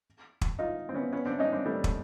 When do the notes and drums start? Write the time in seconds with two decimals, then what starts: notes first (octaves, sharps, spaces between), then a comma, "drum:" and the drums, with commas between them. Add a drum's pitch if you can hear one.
0.41 drum: kick
0.59 D#4 F4
0.89 C4
0.94 B3 C#4
1.13 B3 C#4
1.26 C4 D4
1.39 C#4 D#4
1.52 C4 D4
1.66 G3 A3
1.84 drum: kick